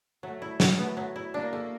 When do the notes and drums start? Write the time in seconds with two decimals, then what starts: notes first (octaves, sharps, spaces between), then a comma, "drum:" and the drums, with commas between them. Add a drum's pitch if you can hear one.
0.23 F#3 A3
0.42 E4
0.60 F#3, drum: snare
0.79 A3 B3
0.97 F#3
1.16 E4
1.34 A#3 D4
1.53 A3